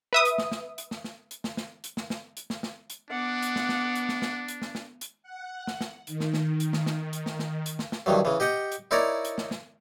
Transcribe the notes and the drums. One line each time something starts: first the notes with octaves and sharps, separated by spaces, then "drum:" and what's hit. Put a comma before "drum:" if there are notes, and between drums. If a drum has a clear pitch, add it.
B4 E5 D#6
drum: hi-hat
drum: snare
drum: snare
drum: hi-hat
drum: snare
drum: snare
drum: hi-hat
drum: snare
drum: snare
drum: hi-hat
drum: snare
drum: snare
drum: hi-hat
drum: snare
drum: snare
drum: hi-hat
B3 D4 F#5 D6
drum: hi-hat
drum: snare
drum: snare
drum: hi-hat
drum: snare
drum: snare
drum: hi-hat
drum: snare
drum: snare
drum: hi-hat
F#5
drum: snare
drum: snare
D#3, drum: hi-hat
drum: snare
drum: snare
drum: hi-hat
drum: snare
drum: snare
drum: hi-hat
drum: snare
drum: snare
drum: hi-hat
drum: snare
drum: snare
G2 D#3 E3 F#3
C#3 E3
G4 D#5 F#5 G5
drum: hi-hat
D#4 E4 A#4 C#5 D5 A#5
drum: hi-hat
drum: snare
drum: snare